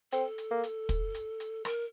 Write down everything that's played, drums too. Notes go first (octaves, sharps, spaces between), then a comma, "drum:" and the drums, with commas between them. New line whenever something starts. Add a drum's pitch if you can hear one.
C4 A4, drum: hi-hat
drum: hi-hat
A#3
drum: hi-hat
drum: kick, hi-hat
drum: hi-hat
drum: hi-hat
A#4, drum: rim click